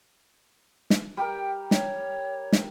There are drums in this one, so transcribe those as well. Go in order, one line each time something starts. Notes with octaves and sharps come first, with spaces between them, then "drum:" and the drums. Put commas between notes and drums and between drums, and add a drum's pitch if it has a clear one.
drum: snare
G3 G4 A#4 G5
C#5, drum: snare
drum: snare